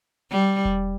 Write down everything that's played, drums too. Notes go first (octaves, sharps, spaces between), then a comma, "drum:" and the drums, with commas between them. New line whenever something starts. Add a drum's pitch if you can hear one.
G3
drum: kick E1